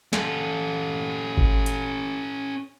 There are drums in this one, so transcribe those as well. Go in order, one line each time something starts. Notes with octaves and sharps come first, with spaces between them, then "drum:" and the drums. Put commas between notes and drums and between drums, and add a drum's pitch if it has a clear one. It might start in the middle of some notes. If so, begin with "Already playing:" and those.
C#4 A4, drum: snare
drum: kick G#1
drum: hi-hat